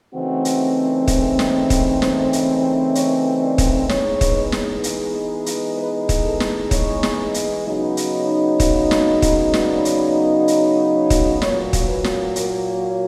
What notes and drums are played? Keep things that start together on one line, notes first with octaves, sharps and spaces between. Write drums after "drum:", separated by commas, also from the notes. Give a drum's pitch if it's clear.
C#3 E3 A3 C4 D#4 F#4
drum: hi-hat
drum: kick, hi-hat
drum: snare
drum: kick, hi-hat
C5, drum: snare
drum: hi-hat
C#5, drum: hi-hat
D5
drum: kick, hi-hat
E3 G#3 B3 D#4 C#5, drum: snare
drum: kick, hi-hat
drum: snare
drum: hi-hat
drum: hi-hat
B4
drum: kick, hi-hat
A4
drum: snare
C#5, drum: kick, hi-hat
drum: snare
drum: hi-hat
C#3 F#3 B3 D#4
drum: hi-hat
drum: kick, hi-hat
drum: snare
drum: kick, hi-hat
D5, drum: snare
drum: hi-hat
drum: hi-hat
drum: kick, hi-hat
A#2 F#3 A#3 C#5, drum: snare
drum: kick, hi-hat
B4
drum: snare
A#4, drum: hi-hat